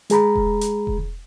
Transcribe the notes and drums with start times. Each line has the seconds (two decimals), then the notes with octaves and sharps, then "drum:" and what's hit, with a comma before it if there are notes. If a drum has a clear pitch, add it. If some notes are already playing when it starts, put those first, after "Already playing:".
0.10 G#3 G#4 A#5 B5, drum: hi-hat
0.36 drum: kick E1
0.61 drum: hi-hat
0.87 drum: kick E1